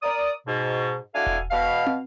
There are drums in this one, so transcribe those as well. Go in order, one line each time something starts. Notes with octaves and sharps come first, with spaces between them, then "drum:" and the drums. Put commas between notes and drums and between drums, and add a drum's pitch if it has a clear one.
A#4 D5 D#6
G#2 B2
D4 E4 F#4 A4 F5 G#5
drum: kick E1
B2 F5
drum: tom